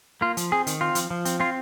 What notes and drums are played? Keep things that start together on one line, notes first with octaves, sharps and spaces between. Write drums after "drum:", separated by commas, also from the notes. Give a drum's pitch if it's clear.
A#3 F4
F3, drum: hi-hat
C4 G#4
D#3, drum: hi-hat
C4 F4
F3, drum: hi-hat
F3
C4, drum: hi-hat
C4 F4